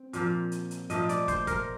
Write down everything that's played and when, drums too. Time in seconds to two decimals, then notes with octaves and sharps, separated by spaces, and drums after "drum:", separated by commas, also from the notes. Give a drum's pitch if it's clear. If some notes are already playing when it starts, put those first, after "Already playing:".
Already playing: C4
0.13 A#2 F3 A#3, drum: hi-hat
0.52 drum: hi-hat
0.71 drum: hi-hat
0.90 A#2 F3 A3 D#5, drum: hi-hat
1.09 D5, drum: hi-hat
1.28 C5, drum: kick, hi-hat
1.47 A#4, drum: kick, hi-hat